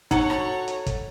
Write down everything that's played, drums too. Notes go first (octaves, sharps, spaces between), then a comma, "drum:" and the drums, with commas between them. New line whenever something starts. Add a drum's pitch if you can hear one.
D#4 F#4 A4 C#5 F#5 A#5, drum: kick, hi-hat
drum: rim click
drum: hi-hat
drum: kick, hi-hat